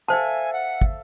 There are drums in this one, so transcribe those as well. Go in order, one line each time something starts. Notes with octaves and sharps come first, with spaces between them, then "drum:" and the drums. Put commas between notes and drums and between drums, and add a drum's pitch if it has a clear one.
A4 C5 E5 F5 G#5 A5
F#5
drum: kick